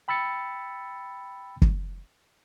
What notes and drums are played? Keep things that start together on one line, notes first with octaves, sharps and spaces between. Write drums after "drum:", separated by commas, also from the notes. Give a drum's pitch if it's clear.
G5 B5 E6 A6 C#7
drum: kick